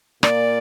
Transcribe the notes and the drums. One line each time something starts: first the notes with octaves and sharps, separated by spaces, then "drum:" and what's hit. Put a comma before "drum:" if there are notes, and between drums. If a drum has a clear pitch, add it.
A#2 A#3 D5, drum: rim click